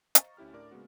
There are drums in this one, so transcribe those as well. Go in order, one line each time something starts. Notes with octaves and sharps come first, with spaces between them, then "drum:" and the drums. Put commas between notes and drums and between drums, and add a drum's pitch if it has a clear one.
C5 D#5 F5 A#5 C#6 A6, drum: hi-hat
D2 C#4 E4 G4 F6
A2 D4 A#4 D5 D6
C#3 G#3 A#3 B3 F#4